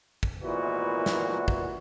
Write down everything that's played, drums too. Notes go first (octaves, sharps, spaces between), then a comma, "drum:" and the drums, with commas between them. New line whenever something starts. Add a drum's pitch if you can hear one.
drum: kick
G#1 A#2 E3 B3 E4 F#4
drum: snare
drum: kick